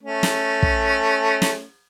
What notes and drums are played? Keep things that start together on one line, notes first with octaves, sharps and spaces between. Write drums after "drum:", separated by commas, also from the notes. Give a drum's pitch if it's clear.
A3 C#4
drum: snare
drum: kick
drum: snare